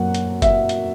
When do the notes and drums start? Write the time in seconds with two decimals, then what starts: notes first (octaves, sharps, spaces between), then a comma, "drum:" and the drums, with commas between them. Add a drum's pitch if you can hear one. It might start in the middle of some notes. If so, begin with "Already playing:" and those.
Already playing: F#2 A#3 F#5
0.14 drum: hi-hat
0.42 E5, drum: kick F#1, hi-hat
0.69 drum: hi-hat